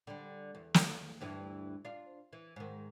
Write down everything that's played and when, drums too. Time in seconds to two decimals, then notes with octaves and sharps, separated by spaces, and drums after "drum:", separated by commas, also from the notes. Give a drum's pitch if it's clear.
0.07 D3 G3
0.55 E2
0.74 drum: snare
1.21 D2 G2 E3
1.85 D4 F4
2.33 E3
2.56 G#2 D#3